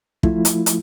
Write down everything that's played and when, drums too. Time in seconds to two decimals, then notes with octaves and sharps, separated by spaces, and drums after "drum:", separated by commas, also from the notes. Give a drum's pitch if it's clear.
0.23 F3 A3 E4 F4, drum: kick
0.45 drum: hi-hat
0.66 drum: hi-hat